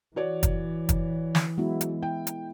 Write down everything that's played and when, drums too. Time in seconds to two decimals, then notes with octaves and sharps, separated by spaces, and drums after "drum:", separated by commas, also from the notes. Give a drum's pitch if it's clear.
0.16 E3 F#4 C#5 D5
0.43 drum: kick, hi-hat
0.89 drum: kick, hi-hat
1.35 drum: snare
1.58 F#3 G#3 B3 E4
1.81 drum: hi-hat
2.03 E4 G5
2.27 drum: hi-hat